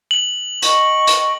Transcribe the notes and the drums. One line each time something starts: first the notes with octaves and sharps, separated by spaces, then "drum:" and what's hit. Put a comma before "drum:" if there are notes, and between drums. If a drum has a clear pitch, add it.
F#7
D#5 G5 C#6, drum: hi-hat
drum: hi-hat